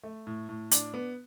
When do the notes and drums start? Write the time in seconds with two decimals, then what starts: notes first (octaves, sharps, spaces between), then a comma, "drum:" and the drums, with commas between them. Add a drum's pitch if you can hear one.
0.04 A3
0.27 A2
0.49 A2
0.71 D4, drum: hi-hat
0.94 B3